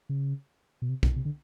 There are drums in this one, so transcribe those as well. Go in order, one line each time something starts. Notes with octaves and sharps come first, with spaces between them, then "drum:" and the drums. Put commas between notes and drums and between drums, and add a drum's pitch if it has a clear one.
C#3
B2
C3
B2, drum: kick
C3
D3